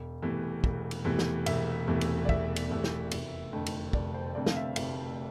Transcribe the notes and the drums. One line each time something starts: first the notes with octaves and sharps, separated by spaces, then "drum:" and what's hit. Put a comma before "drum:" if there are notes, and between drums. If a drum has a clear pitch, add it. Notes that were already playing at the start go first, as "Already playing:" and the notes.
Already playing: E1
E2 C3 E3 A3
E1, drum: kick
drum: cymbal
E2 C3 E3 A3
drum: snare
E1 E5, drum: cymbal
E2 C3 E3 A3
drum: cymbal
D5
E1 E5, drum: kick
drum: cymbal
E2 C3 E3 A3
drum: snare
F1, drum: cymbal
F2 D3 A3 C4
drum: cymbal
F1 D5, drum: kick
C5
F2 D3 A3 C4 D5
F5, drum: snare
E5
F1 E5, drum: cymbal